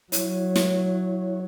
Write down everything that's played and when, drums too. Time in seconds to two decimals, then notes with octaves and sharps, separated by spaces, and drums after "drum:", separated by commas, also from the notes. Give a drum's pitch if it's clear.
0.12 F#3 E4 C#5, drum: hi-hat
0.56 drum: snare